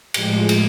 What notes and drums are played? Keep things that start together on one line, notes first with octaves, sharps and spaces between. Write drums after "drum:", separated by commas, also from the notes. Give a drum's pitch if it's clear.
A2 F3 G#3 G4, drum: cymbal
drum: cymbal